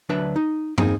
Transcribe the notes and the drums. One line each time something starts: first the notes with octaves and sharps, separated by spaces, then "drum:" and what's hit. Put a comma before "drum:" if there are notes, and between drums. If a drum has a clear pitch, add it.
D2 F#3 D4 B4 E5 A5
D#4
A#3 C4 D#4 G#4, drum: tom